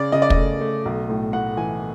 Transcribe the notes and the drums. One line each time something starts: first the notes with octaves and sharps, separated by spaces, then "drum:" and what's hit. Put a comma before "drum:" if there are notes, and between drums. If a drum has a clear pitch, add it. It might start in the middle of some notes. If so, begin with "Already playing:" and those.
Already playing: C#3 D5
C#3 D#5
D5
D#5, drum: kick
A3
A3
B1
A2
A2 F#5
E3 G#5